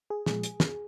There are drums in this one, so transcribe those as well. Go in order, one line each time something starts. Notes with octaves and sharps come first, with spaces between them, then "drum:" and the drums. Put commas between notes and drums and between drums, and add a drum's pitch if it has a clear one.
G#4
A#2 F3 G#3 G#4, drum: snare
drum: hi-hat
drum: snare